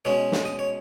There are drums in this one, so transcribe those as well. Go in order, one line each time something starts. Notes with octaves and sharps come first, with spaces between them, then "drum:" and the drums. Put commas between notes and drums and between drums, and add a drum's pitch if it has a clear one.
B2 G#3 C#4 C#5
drum: snare
D#5
C#5